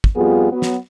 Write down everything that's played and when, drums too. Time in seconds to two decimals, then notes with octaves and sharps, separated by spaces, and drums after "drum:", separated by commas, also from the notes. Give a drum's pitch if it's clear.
0.04 drum: kick
0.16 F2 G3 B3 F4 G#4
0.51 F#3 B3
0.62 drum: snare